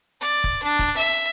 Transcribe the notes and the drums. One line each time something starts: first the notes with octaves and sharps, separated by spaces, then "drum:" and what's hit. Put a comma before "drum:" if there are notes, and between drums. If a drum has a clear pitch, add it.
D5
drum: kick
D4
drum: kick
E5